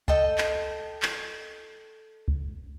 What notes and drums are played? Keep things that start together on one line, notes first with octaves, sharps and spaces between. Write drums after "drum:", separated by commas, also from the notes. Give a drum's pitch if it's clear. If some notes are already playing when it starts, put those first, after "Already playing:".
A4 D#5 G5 A5, drum: kick C#2
drum: clap
drum: clap
drum: kick C#2